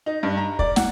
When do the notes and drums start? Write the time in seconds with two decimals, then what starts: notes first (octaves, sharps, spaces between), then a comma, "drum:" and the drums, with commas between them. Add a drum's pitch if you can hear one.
0.06 D#4
0.23 G2
0.37 A#5
0.59 D5, drum: kick
0.76 F#5, drum: snare